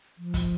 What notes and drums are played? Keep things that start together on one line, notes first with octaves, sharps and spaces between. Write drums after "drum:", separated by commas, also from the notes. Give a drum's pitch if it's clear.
F3
drum: kick, hi-hat